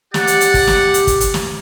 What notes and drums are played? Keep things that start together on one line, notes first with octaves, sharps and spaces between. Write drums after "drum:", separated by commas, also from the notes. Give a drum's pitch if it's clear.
G4 D5 F#5, drum: snare
drum: hi-hat
drum: hi-hat
drum: kick, open hi-hat
drum: snare
drum: hi-hat
drum: kick, hi-hat
drum: hi-hat
drum: snare